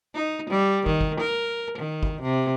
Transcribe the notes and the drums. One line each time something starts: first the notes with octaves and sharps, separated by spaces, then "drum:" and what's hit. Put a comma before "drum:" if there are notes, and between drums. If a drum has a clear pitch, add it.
D#4
G3
D#3, drum: kick
drum: kick
A#4
D#3
drum: kick
C3